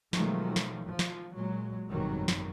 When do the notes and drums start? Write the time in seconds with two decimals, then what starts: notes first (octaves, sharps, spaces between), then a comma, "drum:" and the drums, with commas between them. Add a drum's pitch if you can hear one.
0.13 B2 D#3 F3 F#3 G#3 A3, drum: snare
0.56 drum: snare
0.86 F3
0.99 drum: snare
1.35 A#2 F#3 G#3
1.90 G#1 F#2 B2 D#3 F#3 G3
2.28 drum: snare